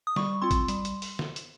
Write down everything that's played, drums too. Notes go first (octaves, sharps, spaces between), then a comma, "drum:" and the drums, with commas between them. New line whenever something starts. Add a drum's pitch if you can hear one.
D#6
G3 C#6, drum: snare
C4 F4 C6
drum: kick, hi-hat
G3, drum: hi-hat
drum: hi-hat
drum: open hi-hat
drum: snare
drum: hi-hat